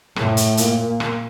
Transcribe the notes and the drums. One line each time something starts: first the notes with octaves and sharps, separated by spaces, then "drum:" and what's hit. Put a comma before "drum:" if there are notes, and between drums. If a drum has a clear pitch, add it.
A2, drum: rim click
drum: hi-hat
A#2, drum: hi-hat
drum: rim click